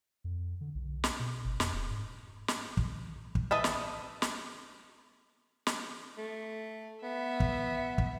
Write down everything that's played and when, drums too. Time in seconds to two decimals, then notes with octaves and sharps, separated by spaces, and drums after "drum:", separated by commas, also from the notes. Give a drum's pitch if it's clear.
0.24 F2
0.61 D3
0.75 B1
1.04 drum: snare
1.20 B2
1.45 G1
1.60 F2, drum: snare
1.74 D#1
1.90 G#2
2.48 drum: snare
2.77 drum: kick
3.35 drum: kick
3.51 B4 D#5 E5 A5
3.64 drum: snare
4.22 drum: snare
5.67 drum: snare
6.18 A3
7.03 B3 E5
7.40 drum: kick
7.98 drum: kick